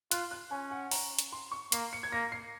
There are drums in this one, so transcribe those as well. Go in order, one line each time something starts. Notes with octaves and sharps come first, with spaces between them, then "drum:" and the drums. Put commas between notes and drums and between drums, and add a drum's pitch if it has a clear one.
F4 F#6, drum: hi-hat
F#6
C#4 G#5
F#5
A#5, drum: open hi-hat
drum: hi-hat
C6
C#6
A#3 C7, drum: hi-hat
C#7
G#6
A#3 A#6
C7